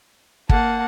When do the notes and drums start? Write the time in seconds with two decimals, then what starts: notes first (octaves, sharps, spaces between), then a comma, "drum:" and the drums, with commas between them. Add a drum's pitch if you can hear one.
0.49 A#3 F#5 A5, drum: kick